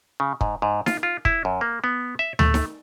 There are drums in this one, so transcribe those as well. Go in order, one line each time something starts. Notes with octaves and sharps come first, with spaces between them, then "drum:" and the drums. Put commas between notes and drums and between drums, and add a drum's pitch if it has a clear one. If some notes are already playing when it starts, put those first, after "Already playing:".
C#3
G#2, drum: kick
G#2
F4, drum: snare D#4
F4
E4, drum: kick
F#2
A#3
B3
E5
A3, drum: tom D2
drum: snare D#4